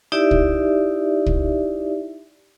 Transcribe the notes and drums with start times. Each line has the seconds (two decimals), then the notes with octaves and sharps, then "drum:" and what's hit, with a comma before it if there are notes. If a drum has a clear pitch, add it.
0.12 D#4 E4 G4 D5 E5
0.31 drum: kick
1.26 drum: kick